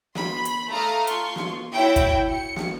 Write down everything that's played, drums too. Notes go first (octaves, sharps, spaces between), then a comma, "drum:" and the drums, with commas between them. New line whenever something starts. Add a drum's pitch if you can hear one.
B5 C6, drum: snare
drum: hi-hat
A3 A4 F5 A#5 D#6 F6
F4 C6 C#6, drum: hi-hat
drum: snare
E4 F#4 C#5 G5
drum: kick, hi-hat
C#7
drum: snare